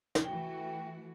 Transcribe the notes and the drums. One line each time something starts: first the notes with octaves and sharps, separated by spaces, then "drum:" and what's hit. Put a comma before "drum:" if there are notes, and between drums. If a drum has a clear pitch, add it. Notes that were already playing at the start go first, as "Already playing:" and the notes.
drum: snare
E3 A3 F#4 G5